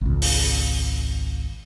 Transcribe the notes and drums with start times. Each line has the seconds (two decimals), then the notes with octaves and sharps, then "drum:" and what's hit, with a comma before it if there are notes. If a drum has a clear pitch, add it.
0.01 G#1 C#2
0.22 drum: open hi-hat